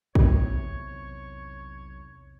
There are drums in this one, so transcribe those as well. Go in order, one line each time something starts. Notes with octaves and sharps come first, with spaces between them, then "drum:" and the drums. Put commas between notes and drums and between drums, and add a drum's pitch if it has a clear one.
B1 E2 C3 C#5, drum: kick